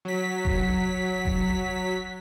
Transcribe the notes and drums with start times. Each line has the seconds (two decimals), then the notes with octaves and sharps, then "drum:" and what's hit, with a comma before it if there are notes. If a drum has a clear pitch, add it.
0.05 F#3 B6
0.45 drum: kick F1
1.25 drum: kick F1